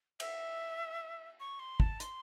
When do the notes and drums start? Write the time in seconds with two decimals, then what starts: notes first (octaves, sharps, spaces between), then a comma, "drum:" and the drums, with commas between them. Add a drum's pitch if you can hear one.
0.20 E5, drum: cymbal
1.40 C#6
1.59 C6
1.80 A5, drum: kick
2.00 C6, drum: hi-hat